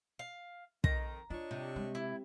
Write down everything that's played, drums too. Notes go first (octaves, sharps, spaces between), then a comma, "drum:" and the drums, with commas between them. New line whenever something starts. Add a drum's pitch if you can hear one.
F5
F2 D#3 A#5, drum: kick
D4 F4 C#5 D#5
C3
G#3
E4